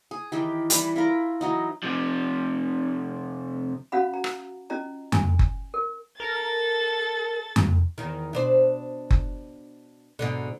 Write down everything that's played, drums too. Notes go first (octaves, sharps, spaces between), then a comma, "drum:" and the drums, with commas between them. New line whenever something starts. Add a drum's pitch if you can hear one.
G#4
D#3 E3 G4
E3 G3 B4, drum: hi-hat
E4 F4 A#4
E3 F#3 D#4
C3 F3
C#4 F#4 F5 F#5 B5
A#5
drum: rim click
C#4 F4 D#5 A#5
G#5, drum: tom F2
drum: kick F#1
A#4
A4 A#4 A6
drum: tom F2
E2 D#3
B2 D4 C5
drum: kick F#1
G#2 B2 D3